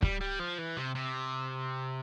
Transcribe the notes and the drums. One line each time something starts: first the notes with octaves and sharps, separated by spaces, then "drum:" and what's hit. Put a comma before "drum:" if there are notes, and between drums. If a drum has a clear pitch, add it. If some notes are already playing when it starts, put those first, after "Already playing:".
G3, drum: kick
G3
F3
E3
C3
C3